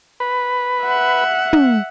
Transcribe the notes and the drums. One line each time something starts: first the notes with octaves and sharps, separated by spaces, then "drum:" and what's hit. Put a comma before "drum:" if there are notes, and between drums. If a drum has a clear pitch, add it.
B4
E5 F#5
drum: tom